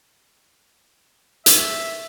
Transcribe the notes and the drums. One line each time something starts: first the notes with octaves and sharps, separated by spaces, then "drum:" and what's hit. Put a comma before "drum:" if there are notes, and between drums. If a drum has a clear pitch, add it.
E5, drum: hi-hat